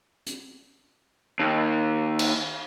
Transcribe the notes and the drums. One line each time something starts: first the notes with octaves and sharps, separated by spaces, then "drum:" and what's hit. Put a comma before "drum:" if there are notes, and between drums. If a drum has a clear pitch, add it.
drum: hi-hat
D#2
drum: cymbal